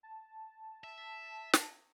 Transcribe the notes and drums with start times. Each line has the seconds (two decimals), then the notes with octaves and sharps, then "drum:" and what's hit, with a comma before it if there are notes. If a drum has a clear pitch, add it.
0.03 A5
0.84 E5
1.53 drum: snare